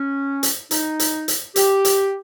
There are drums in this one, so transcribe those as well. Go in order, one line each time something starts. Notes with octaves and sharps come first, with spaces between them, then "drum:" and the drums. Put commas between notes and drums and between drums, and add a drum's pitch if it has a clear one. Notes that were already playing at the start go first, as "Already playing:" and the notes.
Already playing: C#4
drum: hi-hat
D#4, drum: hi-hat
drum: hi-hat
drum: hi-hat
G4, drum: hi-hat
drum: hi-hat